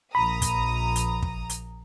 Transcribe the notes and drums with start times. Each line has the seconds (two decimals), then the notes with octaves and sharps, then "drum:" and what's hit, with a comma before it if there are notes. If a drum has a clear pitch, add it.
0.15 A#1 A#5 B5 D#6
0.42 drum: kick, hi-hat
0.96 drum: hi-hat
1.23 drum: kick
1.49 drum: hi-hat